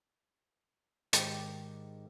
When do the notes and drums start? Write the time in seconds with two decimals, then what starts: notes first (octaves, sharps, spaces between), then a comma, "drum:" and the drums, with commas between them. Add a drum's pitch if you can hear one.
1.13 G#2 D#3 G4 D5 G5 A5, drum: hi-hat